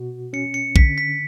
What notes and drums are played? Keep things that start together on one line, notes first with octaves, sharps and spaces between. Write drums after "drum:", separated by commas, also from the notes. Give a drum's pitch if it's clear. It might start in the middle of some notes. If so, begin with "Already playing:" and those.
Already playing: B2 F#4
C#4 C#7
C#7
D3 B6, drum: kick A#1
B6